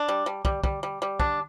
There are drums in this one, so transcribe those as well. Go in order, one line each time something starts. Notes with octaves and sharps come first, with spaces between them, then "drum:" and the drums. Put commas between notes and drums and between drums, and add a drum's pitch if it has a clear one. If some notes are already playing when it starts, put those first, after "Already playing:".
Already playing: D4
G3
G3
G3, drum: kick
G3, drum: kick
G3
G3
D4, drum: kick